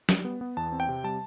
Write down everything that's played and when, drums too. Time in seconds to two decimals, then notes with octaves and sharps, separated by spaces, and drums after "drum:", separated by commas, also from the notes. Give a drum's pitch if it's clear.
0.09 G3, drum: snare
0.25 B3
0.41 B3
0.57 E2 A5
0.72 C4
0.80 G5
0.89 C3
1.04 G3 A5